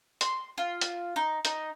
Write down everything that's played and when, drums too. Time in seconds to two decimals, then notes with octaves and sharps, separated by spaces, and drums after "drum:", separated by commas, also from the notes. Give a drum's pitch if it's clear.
0.21 C6, drum: hi-hat
0.58 F4
0.81 drum: hi-hat
1.16 D#4
1.45 D#4, drum: hi-hat